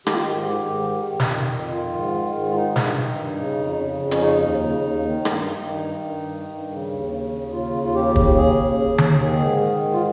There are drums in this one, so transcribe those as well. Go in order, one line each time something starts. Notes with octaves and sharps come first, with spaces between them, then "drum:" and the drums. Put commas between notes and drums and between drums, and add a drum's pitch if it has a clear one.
D#3 G4, drum: rim click
F4
G4
G#2
D#3
G#2
D#3
F2
drum: snare
D#3
F2
D#3 F4
G#2
D#3
G#2
F4
D#3 D#4
G2, drum: snare
D#3
G2
C#3
F2
C#3
F2
C#4, drum: hi-hat
C#3 D#4
D#2
C#3
D#2
D#3
G2, drum: rim click
D#3
G2
D#3
G2
D#3
G2
C#3
D#2
C#3
D#2
C#3 F4
D#2
F4
C#3 G4
D#2, drum: kick
C#3 G#4
D#2
C#3
D#2, drum: tom D3
D#3
G#2
D#3
G#2
F4